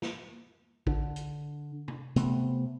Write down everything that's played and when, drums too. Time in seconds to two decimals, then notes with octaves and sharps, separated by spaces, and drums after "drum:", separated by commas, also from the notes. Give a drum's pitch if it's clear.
0.02 drum: snare
0.87 D3, drum: kick
1.16 drum: hi-hat
1.88 drum: tom C3
2.16 C3 A3 B3, drum: hi-hat